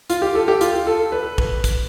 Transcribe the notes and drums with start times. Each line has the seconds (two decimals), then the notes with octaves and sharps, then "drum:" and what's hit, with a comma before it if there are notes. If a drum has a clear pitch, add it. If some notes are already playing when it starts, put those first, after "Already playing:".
0.10 F4, drum: hi-hat
0.22 G4
0.35 A4
0.48 G4
0.61 F4, drum: hi-hat
0.87 A4
1.12 B4
1.38 drum: kick
1.64 drum: kick, hi-hat